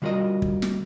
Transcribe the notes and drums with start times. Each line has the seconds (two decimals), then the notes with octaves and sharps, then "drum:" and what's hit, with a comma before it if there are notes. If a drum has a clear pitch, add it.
0.02 D3 G3 F4 F#4 A#4 D#5
0.42 drum: kick
0.62 drum: snare